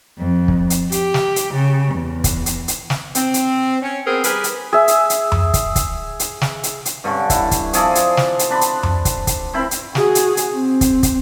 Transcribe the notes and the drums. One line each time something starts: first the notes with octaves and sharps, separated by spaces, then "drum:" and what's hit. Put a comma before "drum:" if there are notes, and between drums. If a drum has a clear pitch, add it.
F2
drum: kick
drum: hi-hat
G4, drum: hi-hat
drum: snare
drum: hi-hat
C#3
E2
drum: kick, hi-hat
drum: hi-hat
drum: hi-hat
drum: snare
C4, drum: hi-hat
drum: hi-hat
C#4
B3 C4 G#4 A#4
G3 G#4 A#4 B4, drum: hi-hat
drum: hi-hat
G#4 E5
drum: hi-hat
drum: hi-hat
drum: tom F2
drum: kick, hi-hat
drum: kick, hi-hat
drum: hi-hat
drum: snare
drum: hi-hat
drum: hi-hat
G2 D3 C#4
E4, drum: kick, hi-hat
drum: kick, hi-hat
F3 G#4 A4 D5, drum: hi-hat
drum: hi-hat
drum: snare
drum: hi-hat
D4 B5 C6
drum: hi-hat
drum: tom F2
drum: kick, hi-hat
drum: kick, hi-hat
C4 E4 B5
drum: hi-hat
F#4 G#4, drum: snare
drum: hi-hat
drum: hi-hat
C4
drum: kick, hi-hat
drum: kick, hi-hat